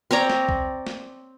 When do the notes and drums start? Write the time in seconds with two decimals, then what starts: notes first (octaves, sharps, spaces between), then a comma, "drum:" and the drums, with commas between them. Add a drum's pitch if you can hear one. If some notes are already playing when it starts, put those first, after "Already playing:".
0.11 C4 C#5 D5 A#5
0.30 drum: snare
0.49 drum: kick B1
0.87 drum: snare